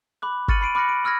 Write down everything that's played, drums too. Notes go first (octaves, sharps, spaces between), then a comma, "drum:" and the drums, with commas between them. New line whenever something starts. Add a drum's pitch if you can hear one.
B5 D6 F#6
C#6 F6 A6 C#7 D#7 F#7, drum: kick G1
B5 C7 D7 D#7
B5 D6 F6 F#6 A#6 C#7
D7
B5 E6 F6 G#6 A#6